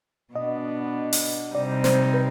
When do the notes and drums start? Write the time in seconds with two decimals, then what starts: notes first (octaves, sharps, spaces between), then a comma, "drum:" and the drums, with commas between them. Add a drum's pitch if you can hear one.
0.35 B2 B3 D4 D#5
1.13 drum: open hi-hat
1.54 C3 G3 C4 D#4 D5
1.84 C5, drum: snare
2.14 B4